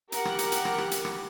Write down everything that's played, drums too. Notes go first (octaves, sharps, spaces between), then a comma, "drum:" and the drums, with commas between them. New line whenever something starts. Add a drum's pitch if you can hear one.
G4 A#4 F#5, drum: hi-hat
drum: rim click
drum: hi-hat
drum: hi-hat
drum: rim click
drum: rim click
drum: hi-hat
drum: rim click